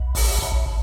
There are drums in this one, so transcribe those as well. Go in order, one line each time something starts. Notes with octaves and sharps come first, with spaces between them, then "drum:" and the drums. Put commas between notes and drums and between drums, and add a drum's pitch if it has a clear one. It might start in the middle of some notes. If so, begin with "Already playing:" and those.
Already playing: B1
A1, drum: open hi-hat
A1